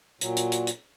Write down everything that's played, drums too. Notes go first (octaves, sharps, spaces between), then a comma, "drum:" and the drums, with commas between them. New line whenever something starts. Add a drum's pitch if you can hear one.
A#2 F#3, drum: hi-hat
drum: hi-hat
drum: hi-hat
drum: hi-hat